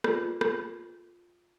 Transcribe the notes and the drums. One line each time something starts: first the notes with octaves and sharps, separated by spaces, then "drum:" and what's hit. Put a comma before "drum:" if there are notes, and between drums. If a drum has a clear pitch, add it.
F4 G#4 B4 D5, drum: rim click
drum: rim click